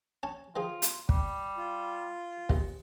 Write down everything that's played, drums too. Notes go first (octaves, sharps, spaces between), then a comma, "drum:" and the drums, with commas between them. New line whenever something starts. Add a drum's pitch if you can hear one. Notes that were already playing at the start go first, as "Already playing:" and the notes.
C#4 G#5 A5
D#3 F3 F4 G#4
drum: hi-hat
G3, drum: kick
F4
A#1 D#2, drum: kick